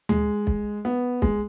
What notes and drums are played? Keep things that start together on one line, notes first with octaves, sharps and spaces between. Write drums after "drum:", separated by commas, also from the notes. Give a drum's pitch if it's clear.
G#3, drum: tom D2
drum: kick
B3
G#3, drum: kick